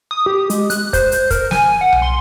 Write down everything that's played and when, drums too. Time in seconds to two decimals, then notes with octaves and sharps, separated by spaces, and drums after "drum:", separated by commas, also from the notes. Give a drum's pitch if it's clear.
0.11 D#6
0.26 G4
0.50 G#3, drum: hi-hat
0.70 F#6, drum: hi-hat
0.93 C5, drum: kick, hi-hat
1.12 drum: hi-hat
1.31 A#4, drum: kick, hi-hat
1.51 G#5, drum: snare
1.81 F#5
1.92 drum: tom B1
2.02 C6